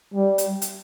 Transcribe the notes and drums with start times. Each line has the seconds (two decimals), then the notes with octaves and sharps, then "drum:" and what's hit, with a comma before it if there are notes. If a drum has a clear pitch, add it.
0.14 G3
0.38 drum: hi-hat
0.62 drum: hi-hat